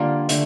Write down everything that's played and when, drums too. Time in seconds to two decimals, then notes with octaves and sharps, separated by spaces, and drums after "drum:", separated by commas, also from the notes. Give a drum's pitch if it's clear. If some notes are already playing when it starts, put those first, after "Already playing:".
Already playing: D3 G3 A#3 F4
0.29 D3 A3, drum: hi-hat